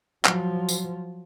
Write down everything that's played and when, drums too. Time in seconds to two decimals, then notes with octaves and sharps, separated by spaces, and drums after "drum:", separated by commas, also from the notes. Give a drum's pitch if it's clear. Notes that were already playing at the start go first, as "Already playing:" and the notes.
0.25 F3 F#3, drum: clap
0.69 drum: tambourine